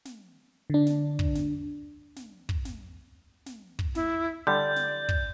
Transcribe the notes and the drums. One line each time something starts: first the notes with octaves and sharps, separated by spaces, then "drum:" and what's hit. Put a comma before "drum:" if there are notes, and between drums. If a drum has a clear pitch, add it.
drum: snare
D3 D4
drum: snare
drum: kick
drum: snare
drum: snare
drum: kick
drum: snare
drum: snare
drum: kick
E4, drum: snare
D3 G3 D5 G6
drum: snare
drum: kick